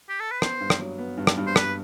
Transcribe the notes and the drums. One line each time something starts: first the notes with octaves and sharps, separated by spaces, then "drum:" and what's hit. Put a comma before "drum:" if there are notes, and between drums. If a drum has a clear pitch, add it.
G4
A4
B4
B3 C5, drum: rim click
G2
drum: rim click
F#3
B3
G2
drum: rim click
G2
C5
G2 B4, drum: rim click